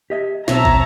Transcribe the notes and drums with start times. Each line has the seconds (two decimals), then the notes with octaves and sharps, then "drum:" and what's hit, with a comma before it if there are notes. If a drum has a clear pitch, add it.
0.10 G4 D#5 E5
0.48 B1 B2 C4 C#5 E5 A5 A#5, drum: snare
0.65 drum: kick